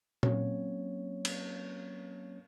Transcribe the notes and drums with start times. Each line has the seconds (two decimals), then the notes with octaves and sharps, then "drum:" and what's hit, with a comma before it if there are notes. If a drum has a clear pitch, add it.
0.23 F#3 A#3 C4 C#4 C#5, drum: tom A#2
1.25 drum: cymbal